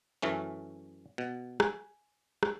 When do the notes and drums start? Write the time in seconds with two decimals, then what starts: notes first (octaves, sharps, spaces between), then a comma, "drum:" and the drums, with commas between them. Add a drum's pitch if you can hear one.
0.22 F#2 E3 A3 C#4
1.18 B2
1.60 G#5, drum: rim click
2.43 drum: rim click